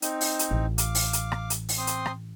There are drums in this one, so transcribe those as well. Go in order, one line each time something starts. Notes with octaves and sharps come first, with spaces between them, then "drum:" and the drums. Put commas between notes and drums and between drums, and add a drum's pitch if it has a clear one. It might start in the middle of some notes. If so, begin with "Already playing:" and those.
C4 D#4, drum: hi-hat
drum: open hi-hat
drum: hi-hat
A1
F5 D6, drum: hi-hat
drum: open hi-hat
drum: hi-hat
drum: rim click
drum: hi-hat
drum: open hi-hat
C4 C6 D#6
drum: hi-hat
drum: rim click